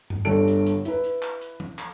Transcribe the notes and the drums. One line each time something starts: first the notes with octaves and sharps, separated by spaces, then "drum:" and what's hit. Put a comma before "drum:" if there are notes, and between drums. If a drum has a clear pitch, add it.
drum: tom G2
G1 G2 A4 D7
drum: hi-hat
drum: hi-hat
E4 B4, drum: hi-hat
drum: hi-hat
drum: clap
drum: hi-hat
drum: tom F3
drum: clap